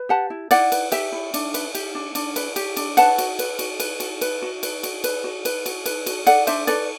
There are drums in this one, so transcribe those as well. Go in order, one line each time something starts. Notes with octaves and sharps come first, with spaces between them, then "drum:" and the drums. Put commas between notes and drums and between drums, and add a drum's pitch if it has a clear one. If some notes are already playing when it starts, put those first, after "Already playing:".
Already playing: B4
G4 F#5 A5
E4
E4 D5 F#5, drum: cymbal
B4, drum: cymbal
G4 E5 G5, drum: cymbal
E4
D4, drum: cymbal
B4, drum: cymbal
G4, drum: cymbal
D4
D4, drum: cymbal
B4, drum: cymbal
G4, drum: cymbal
D4, drum: cymbal
B4 F#5 A5, drum: cymbal
F#4, drum: cymbal
B4, drum: cymbal
F#4, drum: cymbal
B4, drum: cymbal
F#4, drum: cymbal
B4, drum: cymbal
F#4
B4, drum: cymbal
F#4, drum: cymbal
B4, drum: cymbal
F#4
B4, drum: cymbal
F#4, drum: cymbal
B4, drum: cymbal
F#4, drum: cymbal
A4 D5 F#5, drum: cymbal
D4 C5 E5, drum: cymbal
A4 B4 D5, drum: cymbal